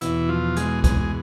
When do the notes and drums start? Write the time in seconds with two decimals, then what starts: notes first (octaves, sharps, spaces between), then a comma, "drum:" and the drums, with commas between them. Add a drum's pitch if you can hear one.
0.01 E2 B2 E3 E4, drum: hi-hat
0.29 F3 F4
0.56 G#3 G#4, drum: hi-hat
0.84 G#3 G#4, drum: kick, hi-hat
1.01 G#4